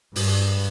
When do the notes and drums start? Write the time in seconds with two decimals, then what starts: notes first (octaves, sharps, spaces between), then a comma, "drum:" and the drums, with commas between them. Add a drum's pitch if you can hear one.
0.16 G2, drum: open hi-hat